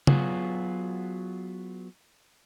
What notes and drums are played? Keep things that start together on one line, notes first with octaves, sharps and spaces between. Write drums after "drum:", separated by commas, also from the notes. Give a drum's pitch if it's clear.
F#3 B3 F4 F#4 G#4, drum: tom C#3